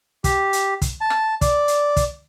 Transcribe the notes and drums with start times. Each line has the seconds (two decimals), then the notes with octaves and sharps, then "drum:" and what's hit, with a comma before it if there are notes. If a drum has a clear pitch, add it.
0.24 G4, drum: kick, hi-hat
0.53 drum: hi-hat
0.82 drum: kick, hi-hat
1.01 A5
1.10 drum: rim click
1.41 D5, drum: kick, hi-hat
1.68 drum: hi-hat
1.97 drum: kick, hi-hat